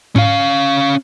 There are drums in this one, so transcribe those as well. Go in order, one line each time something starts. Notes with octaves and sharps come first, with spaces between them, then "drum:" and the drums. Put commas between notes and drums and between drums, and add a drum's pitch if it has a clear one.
C#4 F5, drum: tom G#2